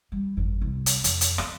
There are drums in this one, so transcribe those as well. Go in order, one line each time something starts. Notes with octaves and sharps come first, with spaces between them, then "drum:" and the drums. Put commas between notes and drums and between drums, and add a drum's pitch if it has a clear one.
G3
G1 F2
C2
drum: hi-hat
F2, drum: hi-hat
drum: hi-hat
F3, drum: rim click